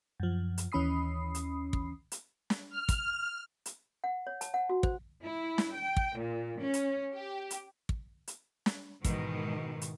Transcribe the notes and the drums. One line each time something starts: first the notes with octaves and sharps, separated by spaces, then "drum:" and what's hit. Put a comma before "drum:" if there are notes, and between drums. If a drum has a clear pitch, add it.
F#2 F3
drum: hi-hat
D#2 E3 C#4 B5 D#6 C7
drum: hi-hat
drum: kick
drum: hi-hat
drum: snare
F6
drum: kick, hi-hat
drum: hi-hat
F#5
C#5
A5, drum: hi-hat
F#5
F#4
C5, drum: kick
E4
drum: snare
G5
drum: kick
A#2
C#4
drum: hi-hat
G4
drum: hi-hat
drum: kick
drum: hi-hat
drum: snare
G#2 B2 D#3 E3, drum: kick, hi-hat
drum: hi-hat